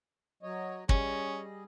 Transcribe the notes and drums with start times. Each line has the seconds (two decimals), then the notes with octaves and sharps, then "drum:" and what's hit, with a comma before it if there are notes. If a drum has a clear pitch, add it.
0.43 F#3 C#5 D#5
0.89 G3 C#4 G#4 D#5, drum: kick